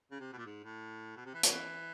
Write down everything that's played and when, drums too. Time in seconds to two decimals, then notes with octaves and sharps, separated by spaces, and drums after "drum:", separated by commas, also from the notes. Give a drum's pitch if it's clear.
0.11 C#3
0.20 C3
0.32 B2
0.37 A#2
0.46 G#2
0.64 A2
1.16 B2
1.26 C3
1.34 E3
1.43 F3, drum: hi-hat
1.52 E3